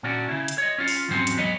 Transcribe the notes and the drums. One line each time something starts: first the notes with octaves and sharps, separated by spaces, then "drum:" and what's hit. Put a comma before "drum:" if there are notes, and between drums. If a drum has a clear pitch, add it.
A#2 C#4 D4 F#4
C#3 E4
drum: hi-hat
C#5 D#5
C#4 F4
drum: open hi-hat
E2 G#2 F3 F#3 C4 C#4
drum: hi-hat
E2 F#3 B3 C#5 D#5